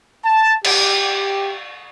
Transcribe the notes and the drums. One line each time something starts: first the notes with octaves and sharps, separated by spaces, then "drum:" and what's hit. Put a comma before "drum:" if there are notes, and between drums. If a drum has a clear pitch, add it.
A5
G4, drum: cymbal